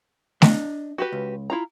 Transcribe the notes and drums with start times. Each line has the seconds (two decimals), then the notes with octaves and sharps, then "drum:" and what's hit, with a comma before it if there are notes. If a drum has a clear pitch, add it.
0.42 D4 D#5, drum: snare
0.98 F#4 G4 B4
1.12 C#2
1.50 E4 F4 A#5